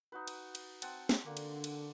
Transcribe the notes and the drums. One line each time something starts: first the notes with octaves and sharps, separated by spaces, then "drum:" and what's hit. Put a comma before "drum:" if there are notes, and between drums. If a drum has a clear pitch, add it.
D#4 F#4 B4
drum: cymbal
drum: cymbal
C4 F#5 A5, drum: cymbal
drum: snare
D3 A#3
drum: cymbal
drum: cymbal